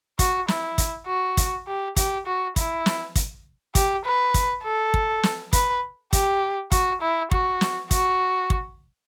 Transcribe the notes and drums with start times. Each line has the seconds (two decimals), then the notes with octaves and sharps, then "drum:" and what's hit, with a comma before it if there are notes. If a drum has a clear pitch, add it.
0.19 F#4, drum: kick, hi-hat
0.48 E4, drum: snare
0.78 drum: kick, hi-hat
1.07 F#4
1.37 drum: kick, hi-hat
1.67 G4
1.97 G4, drum: kick, hi-hat
2.26 F#4
2.56 E4, drum: kick, hi-hat
2.86 drum: snare
3.16 drum: kick, hi-hat
3.75 G4, drum: kick, hi-hat
4.05 B4
4.34 drum: kick, hi-hat
4.64 A4
4.94 drum: kick
5.23 drum: snare
5.53 B4, drum: kick, hi-hat
6.13 G4, drum: kick, hi-hat
6.72 F#4, drum: kick, hi-hat
7.01 E4
7.31 F#4, drum: kick
7.61 drum: snare
7.91 F#4, drum: kick, hi-hat
8.50 drum: kick